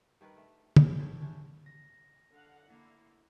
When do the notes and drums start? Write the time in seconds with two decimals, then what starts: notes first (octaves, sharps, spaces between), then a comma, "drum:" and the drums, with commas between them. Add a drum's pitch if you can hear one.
0.21 G2 D#3 A#4 B4
0.36 A3
0.76 D#4 G#4 A#4, drum: tom
0.97 G4 A4 C5 C#5
1.20 C#4 D4 E4 C5
1.66 A#6
2.32 D3 F5 F#5
2.69 D3 A#3 E4